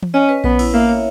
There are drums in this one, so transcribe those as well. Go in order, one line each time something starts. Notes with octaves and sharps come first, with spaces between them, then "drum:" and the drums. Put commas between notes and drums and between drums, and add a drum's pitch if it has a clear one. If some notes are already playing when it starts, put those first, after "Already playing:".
drum: tom E3
C#4 D#5
B4
B3 B4, drum: kick A#1
E4, drum: cymbal
A#3 E5
C#5